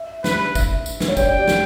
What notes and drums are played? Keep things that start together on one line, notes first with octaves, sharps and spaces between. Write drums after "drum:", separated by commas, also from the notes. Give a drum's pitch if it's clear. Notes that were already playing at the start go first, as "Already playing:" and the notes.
Already playing: E5
B4, drum: snare
E5, drum: kick, tambourine
drum: tambourine
B4, drum: snare
C#5
D5 G5, drum: kick, tambourine
D5
G4
drum: snare